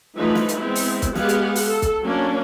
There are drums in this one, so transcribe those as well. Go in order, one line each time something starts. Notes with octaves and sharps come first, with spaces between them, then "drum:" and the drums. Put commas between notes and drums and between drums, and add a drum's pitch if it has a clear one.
E3 F3 G3 A3 D#4 B4
drum: snare
drum: hi-hat
G#3 B3 C4 E4
drum: open hi-hat
drum: kick, hi-hat
G#3 B3 G4 G#4 F5 F#5, drum: snare
drum: hi-hat
drum: open hi-hat
A4
drum: kick, hi-hat
F#3 A#3 C#4 D4